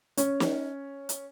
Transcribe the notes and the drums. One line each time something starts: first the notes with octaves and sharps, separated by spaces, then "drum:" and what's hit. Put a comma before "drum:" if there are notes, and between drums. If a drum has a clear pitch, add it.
C#4, drum: hi-hat
drum: snare
drum: hi-hat